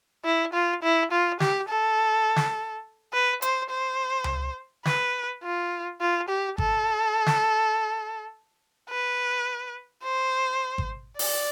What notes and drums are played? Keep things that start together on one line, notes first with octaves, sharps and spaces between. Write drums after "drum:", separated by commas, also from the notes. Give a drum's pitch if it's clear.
E4
F4
E4
F4
G4, drum: snare
A4
drum: snare
B4
C5, drum: hi-hat
C5
drum: tom C#2
B4, drum: snare
F4
F4
G4
A4, drum: kick G#1
drum: snare
B4
C5
drum: kick G#1
D5, drum: open hi-hat